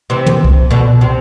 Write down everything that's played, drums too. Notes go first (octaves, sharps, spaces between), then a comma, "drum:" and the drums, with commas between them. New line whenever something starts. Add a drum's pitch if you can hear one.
C3 E3
drum: tom
drum: kick C2
B2 D3
C3